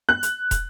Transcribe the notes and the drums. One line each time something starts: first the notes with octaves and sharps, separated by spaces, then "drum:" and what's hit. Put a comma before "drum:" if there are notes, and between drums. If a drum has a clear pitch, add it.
F#6
drum: hi-hat
drum: kick, hi-hat